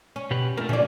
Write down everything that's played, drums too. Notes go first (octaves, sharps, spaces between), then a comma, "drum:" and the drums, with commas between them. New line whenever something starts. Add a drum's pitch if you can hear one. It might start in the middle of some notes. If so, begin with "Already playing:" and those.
C#4
B2 G4 B4
A3 A#3 A#4, drum: cymbal
A#2 C#3 F3 C#4 D5